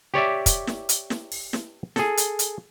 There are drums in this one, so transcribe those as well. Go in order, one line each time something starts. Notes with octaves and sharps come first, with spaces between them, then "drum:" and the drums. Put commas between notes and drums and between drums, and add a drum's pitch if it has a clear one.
G4 C#5 D5 E5
drum: kick, hi-hat
drum: snare
drum: hi-hat
drum: snare
drum: open hi-hat
drum: snare
G#4 A4, drum: snare
drum: hi-hat
drum: hi-hat